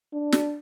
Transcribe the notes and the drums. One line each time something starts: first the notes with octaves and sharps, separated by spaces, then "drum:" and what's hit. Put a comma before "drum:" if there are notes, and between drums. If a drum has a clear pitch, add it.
D4
drum: snare